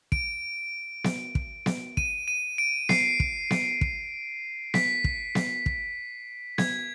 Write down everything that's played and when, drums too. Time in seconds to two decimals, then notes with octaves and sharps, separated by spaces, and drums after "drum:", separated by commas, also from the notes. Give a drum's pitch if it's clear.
0.12 D7, drum: kick
1.04 drum: snare B3
1.35 drum: kick
1.66 drum: snare B3
1.97 D#7, drum: kick
2.28 D#7
2.58 D7
2.89 C7, drum: snare B3
3.20 drum: kick
3.51 drum: snare B3
3.81 drum: kick
4.74 B6, drum: snare B3
5.04 drum: kick
5.35 drum: snare B3
5.66 drum: kick
6.58 G#6, drum: snare B3